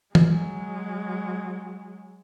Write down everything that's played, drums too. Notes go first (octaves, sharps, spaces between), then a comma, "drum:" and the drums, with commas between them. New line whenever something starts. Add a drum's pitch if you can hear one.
F#3 G#3, drum: tom